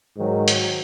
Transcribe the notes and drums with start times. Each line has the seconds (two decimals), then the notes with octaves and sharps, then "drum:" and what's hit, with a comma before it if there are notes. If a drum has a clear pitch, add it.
0.16 G#2 D#3 F#3
0.48 drum: hi-hat